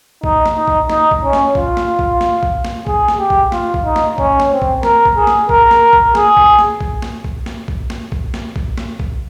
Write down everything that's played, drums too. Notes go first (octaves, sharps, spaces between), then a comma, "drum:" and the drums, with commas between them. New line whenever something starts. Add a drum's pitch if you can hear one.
D#4, drum: kick A#1
drum: snare
D#4
drum: kick A#1
D#4, drum: snare
drum: kick A#1
C#4
drum: snare
F4, drum: kick A#1
drum: snare
drum: kick A#1
drum: snare
drum: kick A#1
drum: snare
G#4, drum: kick A#1
drum: snare
G4
drum: kick A#1
F4, drum: snare
drum: kick A#1
D#4
drum: snare
C#4, drum: kick A#1
drum: snare
C4
drum: kick A#1
A#4, drum: snare
drum: kick A#1
G#4
drum: snare
A#4, drum: kick A#1
drum: snare
drum: kick A#1
G#4, drum: snare
drum: kick A#1
drum: snare
drum: kick A#1
drum: snare
drum: kick A#1
drum: snare
drum: kick A#1
drum: snare
drum: kick A#1
drum: snare
drum: kick A#1
drum: snare
drum: kick A#1